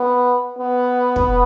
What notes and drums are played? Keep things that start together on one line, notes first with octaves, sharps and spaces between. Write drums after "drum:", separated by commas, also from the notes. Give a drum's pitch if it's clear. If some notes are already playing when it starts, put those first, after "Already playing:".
Already playing: B3
B3
drum: kick